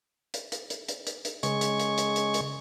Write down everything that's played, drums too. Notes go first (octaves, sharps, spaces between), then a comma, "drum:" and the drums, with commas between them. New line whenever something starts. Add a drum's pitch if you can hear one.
drum: hi-hat
drum: hi-hat
drum: hi-hat
drum: hi-hat
drum: hi-hat
drum: hi-hat
C#3 G#3 C#6, drum: hi-hat
drum: hi-hat
drum: hi-hat
drum: hi-hat
drum: hi-hat
drum: hi-hat